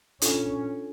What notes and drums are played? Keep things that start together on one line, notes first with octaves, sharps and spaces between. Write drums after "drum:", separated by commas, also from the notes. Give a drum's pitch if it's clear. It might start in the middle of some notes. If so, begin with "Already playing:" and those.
C#4 D4 F4 A4, drum: hi-hat